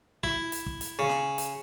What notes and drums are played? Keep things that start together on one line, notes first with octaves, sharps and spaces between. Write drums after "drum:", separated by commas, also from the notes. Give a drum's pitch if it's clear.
E4, drum: kick
drum: hi-hat
drum: kick
drum: hi-hat
C#3
drum: snare
drum: hi-hat